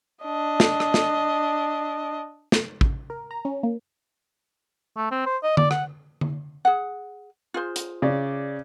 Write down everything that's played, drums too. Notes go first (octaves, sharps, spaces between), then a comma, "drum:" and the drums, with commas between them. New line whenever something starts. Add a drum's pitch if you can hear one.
D4 D#5
drum: snare
drum: rim click
drum: snare
drum: snare
drum: kick
A#4
A#5
C#4
A#3
A3
C4
C5
D#5
D5, drum: tom D3
F#5, drum: rim click
drum: tom D3
G#4 F#5
F4 G#4 C5
drum: hi-hat
C#3 D5